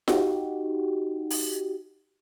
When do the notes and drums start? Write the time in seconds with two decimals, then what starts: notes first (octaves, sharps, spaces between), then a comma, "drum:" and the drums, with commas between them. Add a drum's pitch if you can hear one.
0.08 D#4 F#4 G4, drum: snare F4
1.30 drum: open hi-hat